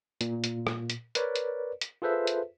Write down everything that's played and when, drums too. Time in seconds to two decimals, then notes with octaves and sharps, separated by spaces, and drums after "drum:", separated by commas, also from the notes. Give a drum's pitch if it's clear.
0.21 A#2, drum: hi-hat
0.44 drum: hi-hat
0.67 drum: rim click
0.90 drum: hi-hat
1.15 A#4 B4 C#5 D5, drum: hi-hat
1.36 drum: hi-hat
1.81 drum: hi-hat
2.02 F4 G#4 A4 B4 C5 E5
2.27 drum: hi-hat